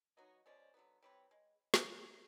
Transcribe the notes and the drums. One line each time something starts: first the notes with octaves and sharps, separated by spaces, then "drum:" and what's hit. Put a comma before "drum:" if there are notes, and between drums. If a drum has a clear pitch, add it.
F#3 B3 D#4 F#4 C#5 D#5
B2 G#3 C#4 C5 D5
D3 F#3 B3
C3 E3 G3 C4 B4 C#5
G#3
drum: snare